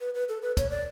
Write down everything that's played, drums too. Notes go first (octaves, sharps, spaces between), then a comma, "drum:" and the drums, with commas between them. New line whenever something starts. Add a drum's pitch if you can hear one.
B4
B4
A4
B4
C#5, drum: kick, hi-hat
D5